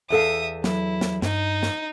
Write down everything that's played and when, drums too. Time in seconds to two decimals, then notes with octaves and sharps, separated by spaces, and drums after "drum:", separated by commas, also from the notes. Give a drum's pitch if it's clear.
0.10 E2 A4 E5 F5 D#6
0.64 F#3 E4, drum: snare
1.01 drum: snare
1.22 G2 D#4, drum: snare
1.63 drum: snare